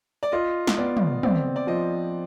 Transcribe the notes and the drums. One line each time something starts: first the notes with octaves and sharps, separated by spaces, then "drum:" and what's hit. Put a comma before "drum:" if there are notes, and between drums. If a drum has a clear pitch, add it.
D5
F4 D#5
drum: snare
B3 D5
drum: tom
C4 D5, drum: tom
D5
F3 D#5